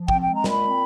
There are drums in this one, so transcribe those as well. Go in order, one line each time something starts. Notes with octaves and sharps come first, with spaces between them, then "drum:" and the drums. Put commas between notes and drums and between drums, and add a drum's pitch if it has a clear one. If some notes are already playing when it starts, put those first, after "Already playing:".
Already playing: F3
C4 G5, drum: kick
G#3 G5
A#5
A#2 B5, drum: snare
C4